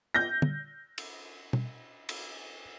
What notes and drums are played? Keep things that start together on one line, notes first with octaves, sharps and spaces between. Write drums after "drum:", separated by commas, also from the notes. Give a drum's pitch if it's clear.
G6 A#6
drum: tom
drum: cymbal
drum: tom B2
drum: cymbal